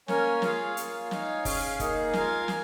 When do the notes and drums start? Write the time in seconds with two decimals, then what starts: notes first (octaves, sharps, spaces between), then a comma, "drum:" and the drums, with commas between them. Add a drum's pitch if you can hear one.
0.08 A#3 C#4 A#4 C#5 G#5, drum: snare
0.42 F4 G#4 C#5 F5, drum: snare
0.77 A#3 F4 C#5 G#5, drum: hi-hat
1.11 D#4 C#5 F5 G#5, drum: snare
1.45 C#4 G#4 F5 G#5, drum: kick F#1, open hi-hat
1.80 A#3 D#4 G#4, drum: kick F#1, hi-hat
2.13 F4 A#4 F5 G#5, drum: snare
2.48 G#5, drum: snare